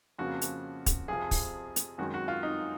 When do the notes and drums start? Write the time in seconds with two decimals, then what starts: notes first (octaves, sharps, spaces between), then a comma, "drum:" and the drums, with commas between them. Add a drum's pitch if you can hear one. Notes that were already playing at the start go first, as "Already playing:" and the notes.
0.19 F2 C#3 F3 A#3 F#4
0.41 drum: hi-hat
0.86 drum: kick, hi-hat
1.08 F2 C3 F3 G#4
1.31 drum: kick, open hi-hat
1.76 drum: hi-hat
1.98 F#2 D#3 G#3 F#4
2.14 F#4
2.28 F4
2.43 D#4